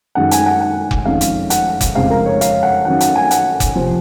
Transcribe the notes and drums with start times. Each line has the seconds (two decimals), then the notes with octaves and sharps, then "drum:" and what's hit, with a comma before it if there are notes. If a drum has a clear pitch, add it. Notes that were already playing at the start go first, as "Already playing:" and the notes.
0.15 F#2 D#3 G#3 D#4 F#5
0.31 G#5, drum: hi-hat
0.46 F#5
0.61 F#5
0.91 drum: kick F1
1.05 F2 D#3 G#3 C#4 F5
1.21 drum: hi-hat
1.50 F#5, drum: hi-hat
1.81 drum: kick F1, hi-hat
1.95 F2 C#3 G#3 C4 F5
2.10 A#4
2.26 C#5
2.41 F5, drum: hi-hat
2.63 F#5
2.85 D#3 F#3 C#4 F#5
3.00 F#5, drum: hi-hat
3.15 G#5
3.31 F#5, drum: hi-hat
3.60 drum: kick F1, hi-hat
3.76 C3 F3 C4